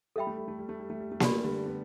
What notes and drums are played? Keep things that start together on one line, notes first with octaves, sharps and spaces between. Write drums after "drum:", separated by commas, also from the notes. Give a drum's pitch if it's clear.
G3 A4 E5 G5 B5
A3
G3
A3
G3
A3
G3
A3
G3
A3
G3 D4 G4 D5 B5, drum: snare A#3
A3
D3 G3
B3